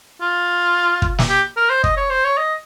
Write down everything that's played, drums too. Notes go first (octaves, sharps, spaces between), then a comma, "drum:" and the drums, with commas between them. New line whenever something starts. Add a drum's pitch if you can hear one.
F4
drum: kick
drum: snare
G4
A#4
C5
D#5, drum: kick
C#5
C5
C#5
D#5